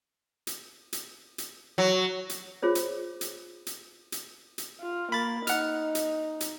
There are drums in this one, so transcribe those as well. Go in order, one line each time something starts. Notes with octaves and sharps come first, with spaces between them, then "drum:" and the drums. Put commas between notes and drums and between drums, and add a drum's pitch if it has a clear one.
drum: hi-hat
drum: hi-hat
drum: hi-hat
F#3
drum: hi-hat
F4 G#4 C5 C#5
drum: hi-hat
drum: hi-hat
drum: hi-hat
drum: hi-hat
drum: hi-hat
F4
A#3 B5 A6
D#4 F#5 F6, drum: hi-hat
drum: hi-hat
drum: hi-hat